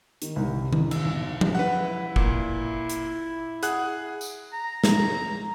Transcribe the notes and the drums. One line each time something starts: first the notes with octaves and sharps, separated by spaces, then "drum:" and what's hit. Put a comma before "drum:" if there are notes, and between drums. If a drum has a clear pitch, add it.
D#3, drum: hi-hat
C2
E3, drum: tom D#3
E6, drum: cymbal
B1
drum: tom F3
E4 B4 F#5
A#2, drum: kick G1
drum: hi-hat
G#4 F#5 F#6, drum: hi-hat
drum: tambourine
A#5
drum: snare